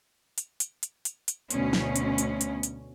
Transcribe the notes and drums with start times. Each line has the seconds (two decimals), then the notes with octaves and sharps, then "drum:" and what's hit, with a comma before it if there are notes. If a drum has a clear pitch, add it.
0.38 drum: hi-hat
0.60 drum: hi-hat
0.83 drum: hi-hat
1.05 drum: hi-hat
1.28 drum: hi-hat
1.50 D2 B2 C#4, drum: hi-hat
1.73 drum: snare
1.96 drum: hi-hat
2.18 drum: hi-hat
2.41 drum: hi-hat
2.63 drum: hi-hat